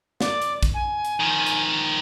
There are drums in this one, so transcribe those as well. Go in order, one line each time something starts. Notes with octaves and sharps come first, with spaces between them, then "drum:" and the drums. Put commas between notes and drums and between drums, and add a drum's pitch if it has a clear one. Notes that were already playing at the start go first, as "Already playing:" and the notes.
D5, drum: snare
drum: hi-hat
drum: kick, hi-hat
G#5
drum: hi-hat
D#3 F3
drum: hi-hat